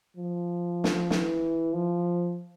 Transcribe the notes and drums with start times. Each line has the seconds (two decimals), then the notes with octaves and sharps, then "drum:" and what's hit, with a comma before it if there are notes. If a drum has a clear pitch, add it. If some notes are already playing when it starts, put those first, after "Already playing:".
0.16 F3
0.84 drum: snare
1.10 E3, drum: snare
1.73 F3